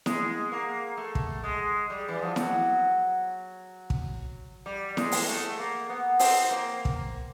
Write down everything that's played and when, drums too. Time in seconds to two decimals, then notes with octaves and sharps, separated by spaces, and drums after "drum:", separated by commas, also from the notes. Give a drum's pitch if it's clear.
0.06 G#3, drum: snare E4
0.52 A#3
0.97 A3
1.15 drum: kick
1.44 G#3
1.90 G3
2.08 E3
2.22 F3
2.36 F#3, drum: snare E4
3.90 drum: kick
4.66 G3
4.97 G#3, drum: snare E4
5.12 drum: open hi-hat
5.27 A3
5.59 A#3
5.89 B3
6.19 C4, drum: open hi-hat
6.51 A#3
6.85 drum: kick